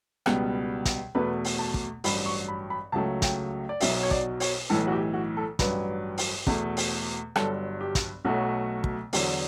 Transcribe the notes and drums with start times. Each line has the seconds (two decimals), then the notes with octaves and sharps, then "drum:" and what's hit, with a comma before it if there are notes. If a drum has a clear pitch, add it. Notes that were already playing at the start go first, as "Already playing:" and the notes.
0.26 C#2 B2 G3 B3, drum: rim click
0.85 drum: kick, hi-hat
1.15 E2 B2 A3 B4
1.45 drum: open hi-hat
1.59 A5
1.74 drum: kick
2.04 A1 G2 F#3 B5, drum: open hi-hat
2.26 C#6
2.48 B5
2.70 B5
2.92 C#2 C#3 F#3 A3 A5
3.22 G5, drum: kick, hi-hat
3.69 D5
3.81 B1 B2 F#3 E5, drum: open hi-hat
4.03 C#5
4.11 D5, drum: kick
4.40 C#5, drum: open hi-hat
4.70 B1 A2 E3 A4
4.87 F#4
4.92 G4
5.14 F#4
5.37 A4
5.59 A1 G2 F#3 B4, drum: kick, hi-hat
6.18 drum: open hi-hat
6.47 E2 B2 A3, drum: kick
6.77 drum: open hi-hat
7.36 G1 G2 F#3 A4, drum: rim click
7.81 G4
7.95 drum: kick, hi-hat
8.25 B1 B2 F#3 A3 F#4
8.84 drum: kick
9.13 E2 D3 F#3, drum: open hi-hat